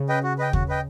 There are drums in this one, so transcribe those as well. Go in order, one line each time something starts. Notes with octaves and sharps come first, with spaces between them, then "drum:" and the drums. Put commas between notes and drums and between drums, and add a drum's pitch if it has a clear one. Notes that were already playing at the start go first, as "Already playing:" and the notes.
Already playing: C#3
B4 D#5 G5
F#4
B4 D#5 G5
F#4, drum: kick
B4 D#5 G5